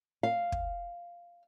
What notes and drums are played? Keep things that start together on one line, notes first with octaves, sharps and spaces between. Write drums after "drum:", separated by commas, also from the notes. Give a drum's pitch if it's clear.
F5
drum: kick